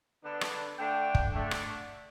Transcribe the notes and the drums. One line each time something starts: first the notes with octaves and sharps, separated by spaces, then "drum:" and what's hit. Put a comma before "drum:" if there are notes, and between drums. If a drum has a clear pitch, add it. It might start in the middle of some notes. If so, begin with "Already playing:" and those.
D3 B3 D4
drum: rim click
D3 A3 D4 G5
drum: kick
D3 A3 D4
drum: rim click